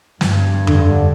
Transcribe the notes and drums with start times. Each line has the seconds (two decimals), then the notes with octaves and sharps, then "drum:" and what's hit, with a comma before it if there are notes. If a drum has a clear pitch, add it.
0.21 G2, drum: snare
0.67 D3, drum: tom F2